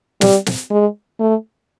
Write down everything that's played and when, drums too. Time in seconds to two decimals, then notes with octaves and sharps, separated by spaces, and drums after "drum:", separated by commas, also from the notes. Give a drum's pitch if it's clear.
0.21 G3, drum: snare
0.46 drum: snare
0.71 G#3
1.20 A3